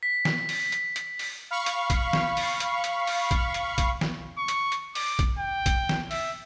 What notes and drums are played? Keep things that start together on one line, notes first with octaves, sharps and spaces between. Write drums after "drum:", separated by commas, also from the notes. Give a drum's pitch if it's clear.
B6
drum: snare
drum: open hi-hat
drum: hi-hat
drum: hi-hat
drum: open hi-hat
F5 B5 C#6
drum: hi-hat
drum: kick A#1, hi-hat
drum: snare
drum: open hi-hat
drum: hi-hat
drum: hi-hat
drum: open hi-hat
drum: kick A#1, hi-hat
drum: hi-hat
drum: kick A#1, hi-hat
drum: snare
C#6
drum: hi-hat
drum: hi-hat
D6, drum: open hi-hat
drum: kick A#1, hi-hat
G5
drum: kick A#1, hi-hat
drum: snare
E5, drum: open hi-hat